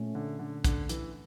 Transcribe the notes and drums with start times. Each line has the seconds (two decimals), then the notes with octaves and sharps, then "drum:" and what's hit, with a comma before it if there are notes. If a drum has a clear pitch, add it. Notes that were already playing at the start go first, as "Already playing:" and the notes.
Already playing: A#2 A3 C#4
0.15 D3
0.39 D3
0.64 D3, drum: kick, hi-hat
0.89 E3, drum: hi-hat